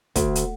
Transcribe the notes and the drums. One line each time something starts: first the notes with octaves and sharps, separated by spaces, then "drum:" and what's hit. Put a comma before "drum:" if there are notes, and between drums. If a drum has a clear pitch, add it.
D2, drum: kick, hi-hat
drum: hi-hat